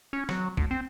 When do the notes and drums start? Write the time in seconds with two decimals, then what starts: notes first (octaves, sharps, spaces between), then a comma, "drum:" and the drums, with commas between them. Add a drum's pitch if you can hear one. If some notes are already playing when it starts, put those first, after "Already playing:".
0.13 C#4
0.29 F#3, drum: snare
0.57 D2, drum: kick
0.71 C4